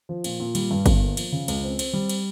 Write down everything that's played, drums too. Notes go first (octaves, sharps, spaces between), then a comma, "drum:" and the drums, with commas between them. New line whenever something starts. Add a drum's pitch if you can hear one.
F3
A#2, drum: cymbal
A#2
G3, drum: cymbal
G2
G1, drum: kick, cymbal
A#3
F3, drum: cymbal
C#3
C#2, drum: cymbal
C4
C4, drum: cymbal
G3
drum: cymbal